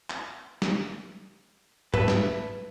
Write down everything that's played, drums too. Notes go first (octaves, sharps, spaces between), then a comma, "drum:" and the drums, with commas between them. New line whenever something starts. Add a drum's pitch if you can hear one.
drum: clap
drum: snare
B4 E5 A5, drum: tom
drum: snare